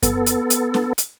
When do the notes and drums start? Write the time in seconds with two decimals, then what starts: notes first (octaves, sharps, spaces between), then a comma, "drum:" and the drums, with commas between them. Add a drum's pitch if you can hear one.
0.03 B3 A4, drum: kick F#2, hi-hat
0.26 drum: hi-hat
0.50 drum: hi-hat
0.74 drum: snare
0.98 drum: hi-hat